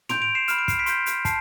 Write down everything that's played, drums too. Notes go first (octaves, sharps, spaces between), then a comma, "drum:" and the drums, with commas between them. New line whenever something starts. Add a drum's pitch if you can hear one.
C6 G6 D7 F7, drum: tom
D7 F7
C7 E7
B5 F6 E7, drum: hi-hat
D7
C7, drum: kick, hi-hat
B6 D7
C6 G6, drum: hi-hat
drum: hi-hat
A5 C7, drum: kick, hi-hat